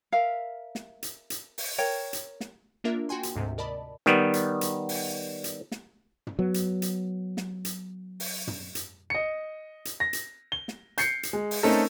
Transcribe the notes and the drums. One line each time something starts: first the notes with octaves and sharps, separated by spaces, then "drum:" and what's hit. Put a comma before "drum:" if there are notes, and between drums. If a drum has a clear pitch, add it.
A#4 E5 F5
drum: snare
drum: hi-hat
drum: hi-hat
drum: open hi-hat
A#4 C#5 G5
drum: hi-hat
drum: snare
A#3 D4 F4 A#4 E5
F#4 G5 G#5 C6
drum: hi-hat
D2 G#2 C3
A#4 D5 D#5 A5 B5
D#3 G3 B3, drum: snare
drum: hi-hat
drum: hi-hat
drum: open hi-hat
drum: hi-hat
drum: snare
drum: tom
F#3 B3
drum: hi-hat
drum: hi-hat
drum: snare
drum: hi-hat
drum: open hi-hat
drum: tom
drum: hi-hat
D#5 C#7
drum: hi-hat
A#6
drum: hi-hat
G7
drum: snare
G6 C7 C#7, drum: hi-hat
drum: hi-hat
G#3
drum: open hi-hat
A3 C4 C#4 D#4 A4 A#4